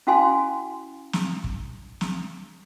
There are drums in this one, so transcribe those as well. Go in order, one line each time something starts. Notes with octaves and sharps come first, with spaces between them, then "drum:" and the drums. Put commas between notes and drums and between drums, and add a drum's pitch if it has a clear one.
C#4 E4 F#4 F5 G#5 C6
drum: snare
drum: kick
drum: snare